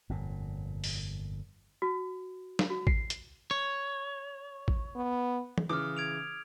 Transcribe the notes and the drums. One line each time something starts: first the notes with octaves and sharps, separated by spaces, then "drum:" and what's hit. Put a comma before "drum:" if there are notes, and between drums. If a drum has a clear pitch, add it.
G1 F2 A#2
drum: open hi-hat
F#4
drum: snare
F#4
C7, drum: kick A1
drum: hi-hat
C#5
drum: kick A1
B3
drum: tom
C#3 E3 D6 D#6 F6
G#6 D7 F7